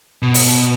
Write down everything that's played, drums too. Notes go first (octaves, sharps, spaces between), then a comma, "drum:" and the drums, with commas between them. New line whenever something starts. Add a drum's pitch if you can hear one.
B2
drum: open hi-hat